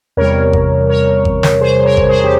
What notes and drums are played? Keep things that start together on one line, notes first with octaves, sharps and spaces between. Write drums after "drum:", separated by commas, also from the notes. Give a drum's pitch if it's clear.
E2 C3 G3 A#4 C#5
drum: kick G#1
A#4 C#5
drum: kick G#1
drum: snare
G#4 C5
A#4 C#5
drum: kick G#1
G#4 C5
G4